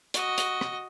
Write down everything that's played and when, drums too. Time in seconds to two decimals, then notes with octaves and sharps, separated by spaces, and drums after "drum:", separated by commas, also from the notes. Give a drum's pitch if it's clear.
0.14 F#4 D#5, drum: hi-hat
0.38 drum: hi-hat
0.61 drum: rim click